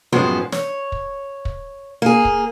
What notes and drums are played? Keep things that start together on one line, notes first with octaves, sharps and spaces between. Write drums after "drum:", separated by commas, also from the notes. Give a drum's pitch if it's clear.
F#2 A2 F3 G#3 B3 C5
C#5, drum: snare
drum: kick
drum: kick
A#3 G#4
drum: kick